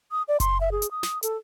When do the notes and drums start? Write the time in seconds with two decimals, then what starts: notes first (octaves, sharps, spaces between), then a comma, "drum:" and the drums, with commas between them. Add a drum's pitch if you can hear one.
0.12 D#6
0.28 D5
0.40 C6, drum: kick F#1, hi-hat
0.61 E5
0.72 G#4
0.82 drum: hi-hat
0.91 D#6
1.03 drum: snare
1.23 A4, drum: hi-hat